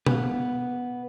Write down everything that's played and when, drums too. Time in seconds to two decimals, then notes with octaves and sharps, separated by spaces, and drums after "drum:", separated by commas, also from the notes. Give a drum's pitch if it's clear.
0.06 B3 B4 F5, drum: tom